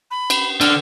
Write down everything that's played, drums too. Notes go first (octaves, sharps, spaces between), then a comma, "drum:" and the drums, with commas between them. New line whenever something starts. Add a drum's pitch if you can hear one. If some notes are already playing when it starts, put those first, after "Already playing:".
B5
drum: cymbal
D3 F6, drum: cymbal